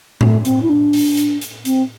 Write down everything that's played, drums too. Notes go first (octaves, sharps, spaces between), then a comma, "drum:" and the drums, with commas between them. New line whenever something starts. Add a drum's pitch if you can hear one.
A3, drum: tom A2
C4, drum: hi-hat
E4
D4
drum: open hi-hat
drum: hi-hat
drum: hi-hat
C4, drum: hi-hat